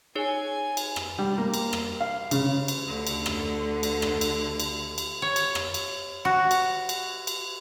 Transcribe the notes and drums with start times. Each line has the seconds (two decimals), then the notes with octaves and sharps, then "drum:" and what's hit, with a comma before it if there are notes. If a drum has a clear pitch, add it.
0.15 D#4 G#4 C#5 G#5
0.77 drum: cymbal
0.96 drum: rim click
1.19 G3
1.38 A#3
1.54 drum: cymbal
1.73 drum: rim click
2.00 F5
2.31 C#3, drum: cymbal
2.68 drum: cymbal
2.87 D2 D3
3.07 drum: cymbal
3.26 drum: rim click
3.83 drum: cymbal
4.02 drum: rim click
4.21 drum: cymbal
4.60 drum: cymbal
4.98 drum: cymbal
5.22 C#5
5.36 drum: cymbal
5.55 drum: rim click
5.74 drum: cymbal
6.25 F#4
6.51 drum: cymbal
6.89 drum: cymbal
7.27 drum: cymbal